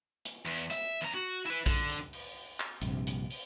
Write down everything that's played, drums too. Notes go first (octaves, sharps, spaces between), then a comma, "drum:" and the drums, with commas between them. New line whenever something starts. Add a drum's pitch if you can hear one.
drum: hi-hat
E2
E5, drum: hi-hat
E2 A#5
F#4
E4 B4
D3, drum: kick A#1, hi-hat
drum: hi-hat
drum: open hi-hat
drum: clap
A#1 G2 C3, drum: hi-hat
drum: hi-hat
drum: open hi-hat